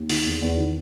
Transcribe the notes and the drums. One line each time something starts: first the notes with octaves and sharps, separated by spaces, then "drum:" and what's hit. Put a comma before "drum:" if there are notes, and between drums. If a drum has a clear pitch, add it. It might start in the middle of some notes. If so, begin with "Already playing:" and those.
Already playing: D#2
D#3, drum: open hi-hat
E2
E2
D#3